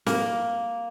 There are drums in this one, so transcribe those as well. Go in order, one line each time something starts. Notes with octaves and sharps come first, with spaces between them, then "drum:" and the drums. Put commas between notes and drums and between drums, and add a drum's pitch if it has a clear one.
A#3, drum: snare